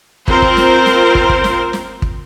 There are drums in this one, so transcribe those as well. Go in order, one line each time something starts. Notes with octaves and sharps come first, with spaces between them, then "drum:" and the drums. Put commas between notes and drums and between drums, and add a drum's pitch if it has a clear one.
C4 F4 A#4 C5, drum: kick
drum: kick
drum: snare
drum: snare
drum: kick
drum: kick
drum: snare
drum: snare
drum: kick